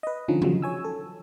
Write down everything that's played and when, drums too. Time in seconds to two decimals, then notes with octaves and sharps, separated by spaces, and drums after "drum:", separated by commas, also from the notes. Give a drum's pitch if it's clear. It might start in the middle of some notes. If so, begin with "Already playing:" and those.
0.03 B4 D#5
0.28 D3 F3 C#4 D#4
0.42 C#3 F3 F#3, drum: tom E3
0.62 C#5 G#5 E6
0.84 A4